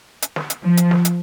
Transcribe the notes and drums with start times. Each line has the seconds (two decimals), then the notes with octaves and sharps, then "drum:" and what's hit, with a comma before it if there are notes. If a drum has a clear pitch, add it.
0.22 drum: hi-hat
0.36 drum: snare
0.50 drum: hi-hat
0.64 F3
0.77 drum: hi-hat
0.91 drum: snare
1.05 drum: hi-hat